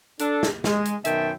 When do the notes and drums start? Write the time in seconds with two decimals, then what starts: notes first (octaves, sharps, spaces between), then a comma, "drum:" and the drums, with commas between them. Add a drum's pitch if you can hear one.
0.19 D4 A4, drum: hi-hat
0.43 drum: snare
0.64 G#3, drum: snare
0.85 drum: hi-hat
1.05 F#2 B2 D#3 E5 G5 A5, drum: hi-hat